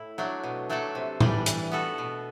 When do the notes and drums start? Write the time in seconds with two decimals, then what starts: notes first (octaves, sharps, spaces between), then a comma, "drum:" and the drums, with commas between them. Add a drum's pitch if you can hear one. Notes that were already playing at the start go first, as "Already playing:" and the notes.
Already playing: A2 E4
0.18 F#3 A3 D4
0.44 B2
0.70 F#3 A3 D4 A4
0.95 C3
1.20 E3 G3 D4, drum: tom A2
1.46 E3, drum: hi-hat
1.72 B3 F#4 A4
1.98 B2